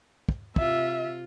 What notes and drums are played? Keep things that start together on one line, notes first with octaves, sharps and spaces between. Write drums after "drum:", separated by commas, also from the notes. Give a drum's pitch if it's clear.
drum: kick
C3 F4 E5, drum: kick